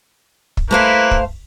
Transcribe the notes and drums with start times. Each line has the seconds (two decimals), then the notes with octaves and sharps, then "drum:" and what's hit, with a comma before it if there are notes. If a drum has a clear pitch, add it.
0.57 drum: kick
0.71 A3 A#3 E4 B4 C5 F5
1.11 drum: kick